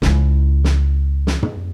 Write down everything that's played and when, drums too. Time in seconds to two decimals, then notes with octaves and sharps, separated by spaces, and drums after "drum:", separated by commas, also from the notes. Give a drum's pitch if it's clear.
0.02 C#2 E4, drum: snare
0.64 drum: snare
1.27 drum: snare
1.43 drum: tom